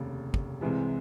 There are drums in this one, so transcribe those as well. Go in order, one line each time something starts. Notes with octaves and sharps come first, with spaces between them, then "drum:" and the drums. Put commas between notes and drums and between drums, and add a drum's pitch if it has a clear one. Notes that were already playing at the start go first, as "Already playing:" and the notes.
Already playing: F1 D#2 C#3
drum: kick
C2 C3 E3 G#3